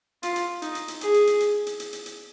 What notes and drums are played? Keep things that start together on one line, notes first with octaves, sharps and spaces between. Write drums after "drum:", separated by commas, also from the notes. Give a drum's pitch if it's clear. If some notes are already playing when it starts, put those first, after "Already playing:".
F4, drum: hi-hat
drum: hi-hat
D#4, drum: hi-hat
drum: hi-hat
drum: hi-hat
G#4, drum: hi-hat
drum: hi-hat
drum: hi-hat
drum: hi-hat
drum: hi-hat
drum: hi-hat
drum: hi-hat
drum: hi-hat